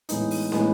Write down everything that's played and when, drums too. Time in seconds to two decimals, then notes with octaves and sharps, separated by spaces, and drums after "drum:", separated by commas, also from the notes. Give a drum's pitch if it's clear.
0.09 A2 E3 G#3 B3 D#4, drum: hi-hat
0.31 drum: open hi-hat
0.52 A2 E3 G#3 B3 D#4, drum: snare